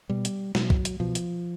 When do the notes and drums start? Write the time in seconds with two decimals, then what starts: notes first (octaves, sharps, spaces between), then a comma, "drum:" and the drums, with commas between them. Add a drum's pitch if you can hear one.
0.09 B2 G3
0.25 drum: hi-hat
0.55 B2 F#3, drum: snare
0.70 drum: kick B1
0.85 drum: hi-hat
1.00 B2 F3
1.15 drum: hi-hat